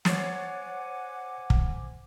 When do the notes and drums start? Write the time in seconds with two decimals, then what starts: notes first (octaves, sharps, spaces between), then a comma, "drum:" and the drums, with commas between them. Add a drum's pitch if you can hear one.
0.05 C5 C#5 F#5 G#5 D6 A6 C7, drum: snare
1.50 drum: kick